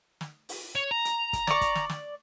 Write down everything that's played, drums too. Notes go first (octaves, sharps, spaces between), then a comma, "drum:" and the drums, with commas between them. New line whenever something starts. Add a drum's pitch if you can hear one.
drum: snare
drum: open hi-hat
C#5
A#5
drum: hi-hat
drum: kick, hi-hat
D5 C#6, drum: snare
drum: kick, hi-hat
drum: snare
drum: snare